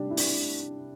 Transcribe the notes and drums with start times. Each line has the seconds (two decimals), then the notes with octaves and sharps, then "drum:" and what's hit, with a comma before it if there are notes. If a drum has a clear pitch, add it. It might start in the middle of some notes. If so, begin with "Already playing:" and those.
Already playing: C3 G3 D4 G4
0.10 E4
0.17 D4, drum: open hi-hat